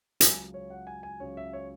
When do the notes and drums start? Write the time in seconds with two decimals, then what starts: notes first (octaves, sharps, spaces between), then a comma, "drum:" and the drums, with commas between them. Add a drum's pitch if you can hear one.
0.21 C#2 C#3 F#3 G#5, drum: hi-hat
0.54 C#5
0.70 F#5
0.87 G#5
1.03 G#5
1.20 C#2 C#3 F#3 C#5
1.37 E5
1.53 C#5